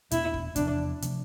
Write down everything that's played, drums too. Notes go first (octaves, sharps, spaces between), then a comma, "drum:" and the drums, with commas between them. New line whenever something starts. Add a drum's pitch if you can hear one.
E2 B2 A3 D4 E4, drum: hi-hat
drum: kick
E2 C3 F3 B3 D4, drum: kick, hi-hat
C3 F3 A3, drum: hi-hat